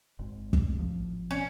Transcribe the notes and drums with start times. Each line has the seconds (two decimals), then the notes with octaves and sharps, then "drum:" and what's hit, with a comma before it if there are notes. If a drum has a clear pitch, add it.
0.19 G#1 G#2
0.53 drum: kick
0.76 G#1 A2 F3
1.31 C#4